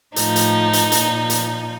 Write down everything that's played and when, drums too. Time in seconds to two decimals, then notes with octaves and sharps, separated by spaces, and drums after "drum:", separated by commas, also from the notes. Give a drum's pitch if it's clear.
0.16 A2 F3 D#4, drum: hi-hat
0.36 drum: hi-hat
0.73 drum: hi-hat
0.92 A#2 F3, drum: hi-hat
1.30 drum: hi-hat